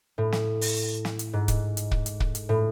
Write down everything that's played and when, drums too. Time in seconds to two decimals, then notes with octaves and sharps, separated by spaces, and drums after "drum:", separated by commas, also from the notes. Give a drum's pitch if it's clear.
0.18 A2
0.32 drum: snare
0.61 drum: open hi-hat
1.05 drum: snare
1.19 drum: hi-hat
1.33 G#2
1.48 drum: kick, hi-hat
1.77 drum: hi-hat
1.91 drum: kick
2.06 drum: hi-hat
2.20 drum: kick
2.35 drum: hi-hat
2.49 A2